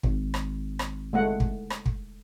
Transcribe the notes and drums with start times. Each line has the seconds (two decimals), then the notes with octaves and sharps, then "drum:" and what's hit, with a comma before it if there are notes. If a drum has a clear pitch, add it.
0.03 G#1, drum: kick
0.34 drum: rim click
0.79 drum: rim click
1.13 G#3 A3 F#5
1.40 drum: kick
1.70 drum: rim click
1.86 drum: kick